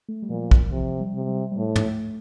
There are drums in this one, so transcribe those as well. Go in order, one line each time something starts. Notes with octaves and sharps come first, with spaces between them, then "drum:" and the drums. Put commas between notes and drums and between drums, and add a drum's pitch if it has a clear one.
A3
G3
A#2 F3
F3
E3, drum: kick
C3 F3
G3
C3
G3
G3
A2 A3
drum: tom
A3